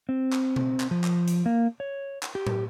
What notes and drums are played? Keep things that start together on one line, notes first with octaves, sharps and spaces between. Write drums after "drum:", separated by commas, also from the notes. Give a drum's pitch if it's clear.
C4
drum: clap
drum: tom B2
drum: clap
F3
drum: clap
drum: hi-hat
A#3
C#5
drum: clap
G4
drum: tom A2